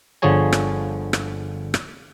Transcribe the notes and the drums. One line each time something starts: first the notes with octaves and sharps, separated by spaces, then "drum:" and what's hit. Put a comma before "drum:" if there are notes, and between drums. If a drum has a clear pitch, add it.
G1 D3 F3 G#4 C#5 G#5
drum: rim click
drum: rim click
drum: rim click